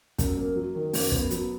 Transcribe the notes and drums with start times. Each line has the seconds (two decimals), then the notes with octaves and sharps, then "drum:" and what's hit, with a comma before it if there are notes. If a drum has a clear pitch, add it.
0.19 F#2, drum: kick, hi-hat
0.37 A#3
0.56 F#3
0.75 D#3
0.94 F#2, drum: open hi-hat
1.12 B3, drum: kick
1.30 F#3, drum: hi-hat